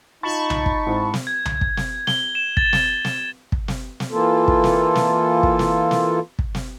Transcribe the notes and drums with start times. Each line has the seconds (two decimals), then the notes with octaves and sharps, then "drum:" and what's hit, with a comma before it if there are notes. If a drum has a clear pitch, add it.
0.23 D#4 F4 A5 B5 C#6 A6
0.50 drum: tom C2
0.66 drum: kick
0.86 G#2 C4 E4
1.14 drum: snare
1.27 G#6
1.45 drum: tom C2
1.61 drum: kick
1.77 drum: snare
2.07 G7, drum: snare
2.35 E7
2.57 A6, drum: kick
2.73 drum: snare
3.05 drum: snare
3.52 drum: kick
3.68 drum: snare
4.00 drum: snare
4.11 E3 A#3 F4 A4
4.48 drum: kick
4.64 drum: snare
4.95 drum: snare
5.43 drum: kick
5.59 drum: snare
5.91 drum: snare
6.39 drum: kick
6.55 drum: snare